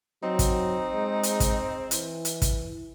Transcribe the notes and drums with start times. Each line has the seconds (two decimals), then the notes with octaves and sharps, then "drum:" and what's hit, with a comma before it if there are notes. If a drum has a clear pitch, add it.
0.23 F#3 C4 D#4
0.39 drum: kick, hi-hat
0.94 G#3
1.23 drum: hi-hat
1.40 drum: kick, hi-hat
1.91 E3, drum: hi-hat
2.25 drum: hi-hat
2.42 drum: kick, hi-hat